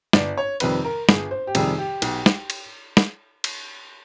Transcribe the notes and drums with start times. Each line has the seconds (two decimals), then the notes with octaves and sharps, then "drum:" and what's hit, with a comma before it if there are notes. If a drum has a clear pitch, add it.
0.13 G1 D5, drum: snare
0.38 C#5
0.60 F2 C3 D#3 G3 B4, drum: cymbal
0.85 A#4
1.09 G1 G#4, drum: snare
1.31 C5
1.47 G4
1.55 F2 C3 D#3 G3 G#4, drum: cymbal
1.78 G4
2.02 B1, drum: cymbal
2.26 drum: snare
2.50 drum: cymbal
2.97 drum: snare
3.44 drum: cymbal